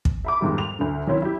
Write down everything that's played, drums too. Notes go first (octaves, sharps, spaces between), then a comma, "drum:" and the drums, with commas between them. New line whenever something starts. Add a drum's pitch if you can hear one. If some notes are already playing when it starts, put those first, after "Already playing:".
drum: kick
E5 B5 D6
F2 G#2 D#3 G3
F7
D2 D3
D#3 F#3 C4 E4
E4 G4